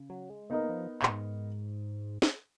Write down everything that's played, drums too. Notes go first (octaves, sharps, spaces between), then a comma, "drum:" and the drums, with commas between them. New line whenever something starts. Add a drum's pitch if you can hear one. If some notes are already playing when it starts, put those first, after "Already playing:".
Already playing: C#3
F#3
G#3
A#3 B3 D#4 A#4 D#5
F3
A#2, drum: clap
G#2
drum: snare